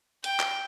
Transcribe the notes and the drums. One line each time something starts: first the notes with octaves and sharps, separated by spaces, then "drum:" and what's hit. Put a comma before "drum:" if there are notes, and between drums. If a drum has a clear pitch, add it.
G5, drum: hi-hat
drum: clap